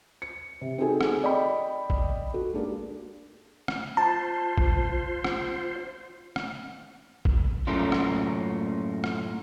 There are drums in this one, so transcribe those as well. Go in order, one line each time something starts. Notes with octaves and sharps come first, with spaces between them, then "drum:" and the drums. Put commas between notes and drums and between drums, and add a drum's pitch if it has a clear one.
C#7
C3
C4 D#4 F#4 G#4 A4 G#5
drum: rim click
D5 D#5 G5 B5
drum: kick
F#4 A4
G#3 A#3 D4 G4 A#4
drum: rim click
F4 C5 A5
drum: kick
drum: rim click
drum: rim click
drum: kick
F#2 A2 A3 A#3 C#4 F4
drum: rim click
drum: rim click